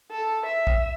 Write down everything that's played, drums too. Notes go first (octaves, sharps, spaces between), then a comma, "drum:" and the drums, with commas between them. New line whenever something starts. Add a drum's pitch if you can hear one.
A4
E5
drum: kick A#1